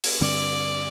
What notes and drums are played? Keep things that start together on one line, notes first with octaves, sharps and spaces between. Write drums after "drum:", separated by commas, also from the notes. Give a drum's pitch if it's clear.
drum: open hi-hat
G2 D3 G3 C4 D5